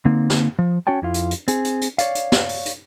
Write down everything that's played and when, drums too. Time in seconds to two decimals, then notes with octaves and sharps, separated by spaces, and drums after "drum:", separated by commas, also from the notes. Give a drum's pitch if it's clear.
0.05 D3 A#3 C4 D#4
0.30 drum: snare
0.59 F3
0.87 C#4 F#4 C#5 G5 A5
1.02 F2 E4 F4
1.14 drum: hi-hat
1.31 drum: hi-hat
1.48 C4 G#4, drum: hi-hat
1.65 drum: hi-hat
1.81 drum: hi-hat
1.98 C#5 D5 F5, drum: hi-hat
2.15 drum: hi-hat
2.32 drum: snare
2.49 drum: open hi-hat
2.66 drum: hi-hat